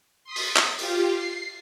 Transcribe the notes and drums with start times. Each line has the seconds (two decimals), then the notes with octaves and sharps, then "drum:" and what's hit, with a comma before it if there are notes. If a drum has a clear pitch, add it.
0.24 C6 D#6 B6
0.36 drum: open hi-hat
0.56 drum: clap
0.79 F4 G4, drum: open hi-hat
1.14 C7